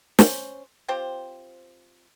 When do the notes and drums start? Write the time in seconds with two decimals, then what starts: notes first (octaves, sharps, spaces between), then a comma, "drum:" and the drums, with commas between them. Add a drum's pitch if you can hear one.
0.19 C#4 C5, drum: snare
0.88 C4 F4 G4 C5